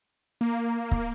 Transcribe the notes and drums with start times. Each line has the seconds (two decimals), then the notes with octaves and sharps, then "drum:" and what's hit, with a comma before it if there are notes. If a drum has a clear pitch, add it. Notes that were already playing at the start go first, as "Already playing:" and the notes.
0.41 A#3
0.91 drum: kick